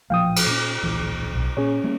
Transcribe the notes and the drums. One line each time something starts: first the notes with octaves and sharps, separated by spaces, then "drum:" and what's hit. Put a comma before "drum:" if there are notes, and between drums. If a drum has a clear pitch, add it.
A1 A#2 F3 F5 G5 D#6
drum: cymbal
A#2 C#4 D6
D1 A#1 E3
B1
A#2 C#4 G#4 C#5
G3 A#3 B3